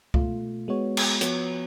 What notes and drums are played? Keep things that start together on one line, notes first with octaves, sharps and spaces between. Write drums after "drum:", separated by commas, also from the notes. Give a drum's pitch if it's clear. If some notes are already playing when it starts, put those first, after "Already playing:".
B2 A3 F4, drum: kick C#2
G#3 B3 F#4 C#5
drum: cymbal
F3 B3 F#4 C#5, drum: hi-hat